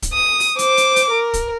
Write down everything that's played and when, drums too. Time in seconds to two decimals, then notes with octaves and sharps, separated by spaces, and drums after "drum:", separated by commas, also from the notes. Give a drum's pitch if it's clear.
0.02 drum: kick, hi-hat
0.13 D#6
0.40 drum: open hi-hat
0.59 C5 D6, drum: hi-hat
0.77 drum: hi-hat
0.96 drum: hi-hat
1.10 A#4
1.34 drum: kick, hi-hat